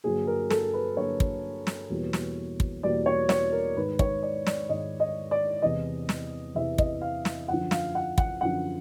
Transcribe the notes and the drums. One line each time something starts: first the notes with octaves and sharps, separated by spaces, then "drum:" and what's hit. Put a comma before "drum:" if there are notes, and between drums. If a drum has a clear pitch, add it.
G2 D3 F#3 A#3 G#4
A#4
A4, drum: snare
B4
G2 D3 F#3 A#3 C#5
drum: kick
drum: snare
E2 B2 G3 A#3
drum: snare
drum: kick
E2 B2 G3 A#3 D5
C#5
C#5, drum: snare
A#4
G#2 D#3 G#3 B4
C#5, drum: kick
D5
D5, drum: snare
G#2 D#3 G#3 D#5
D#5
D5
E2 C3 E3 D#5
drum: snare
E2 C3 E3 E5
D#5, drum: kick
F5
drum: snare
F#2 D3 F3 F#5
F5, drum: snare
F#5
F#5, drum: kick
F#2 D3 F3 F#5